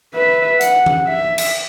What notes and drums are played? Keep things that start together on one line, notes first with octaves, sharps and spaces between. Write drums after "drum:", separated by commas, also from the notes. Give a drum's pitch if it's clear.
B4 E5
F#5, drum: hi-hat
drum: tom E3
E5
drum: cymbal